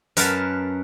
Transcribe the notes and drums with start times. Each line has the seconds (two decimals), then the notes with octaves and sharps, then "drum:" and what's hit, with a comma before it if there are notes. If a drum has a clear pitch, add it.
0.17 F#2 A#4 B4 A5, drum: hi-hat